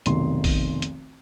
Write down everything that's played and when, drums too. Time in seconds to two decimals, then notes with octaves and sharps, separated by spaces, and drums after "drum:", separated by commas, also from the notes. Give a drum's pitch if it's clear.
0.06 F1 B1 D#3 C6, drum: hi-hat
0.44 drum: kick A1, open hi-hat
0.82 drum: hi-hat